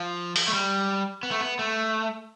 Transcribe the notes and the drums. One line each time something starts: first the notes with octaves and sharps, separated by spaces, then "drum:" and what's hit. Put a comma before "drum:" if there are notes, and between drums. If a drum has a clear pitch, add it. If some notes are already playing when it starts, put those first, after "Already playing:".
Already playing: F3
drum: open hi-hat
A3
G3
B3
A3
B3
A3